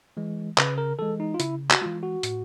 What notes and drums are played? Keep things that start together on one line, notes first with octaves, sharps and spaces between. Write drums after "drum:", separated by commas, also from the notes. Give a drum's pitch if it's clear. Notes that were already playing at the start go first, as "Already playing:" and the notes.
E3 G#3
C#3 B4, drum: clap
A#4
E3 G#3 A4
D#4
F4
C#3 E4, drum: hi-hat
F#4, drum: clap
E3 G#3 F4
F#4
A2, drum: hi-hat